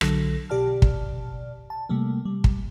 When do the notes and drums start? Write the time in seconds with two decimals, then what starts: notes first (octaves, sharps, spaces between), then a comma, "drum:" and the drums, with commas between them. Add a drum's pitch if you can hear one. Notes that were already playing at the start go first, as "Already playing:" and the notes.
0.01 B1 D3 F#3 A4 A#6, drum: rim click
0.50 B2 G4 D5 A5 F6
0.82 drum: kick
1.70 A5
1.89 C3 G3 A3 A#3
2.25 G3
2.44 drum: kick